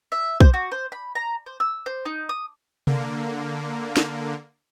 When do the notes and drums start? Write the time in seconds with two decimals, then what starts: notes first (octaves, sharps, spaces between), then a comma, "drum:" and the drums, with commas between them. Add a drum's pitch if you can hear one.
0.12 E5
0.40 C5, drum: kick
0.54 F#4
0.72 C5
0.92 B5
1.15 A#5
1.46 C5
1.60 E6
1.86 C5
2.05 D#4
2.29 D#6
2.87 D3 A#3, drum: tom C3
3.97 drum: snare